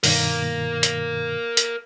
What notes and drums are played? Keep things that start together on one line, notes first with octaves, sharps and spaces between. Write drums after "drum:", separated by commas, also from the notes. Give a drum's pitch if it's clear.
G2 B2 D#3 A#4 F5, drum: open hi-hat
drum: hi-hat
drum: hi-hat